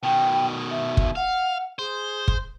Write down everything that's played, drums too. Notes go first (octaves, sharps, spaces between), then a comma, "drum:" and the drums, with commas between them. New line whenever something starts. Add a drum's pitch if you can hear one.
B2 D#3 G5
E5
drum: kick
F5 F#5
G#4 C5
drum: kick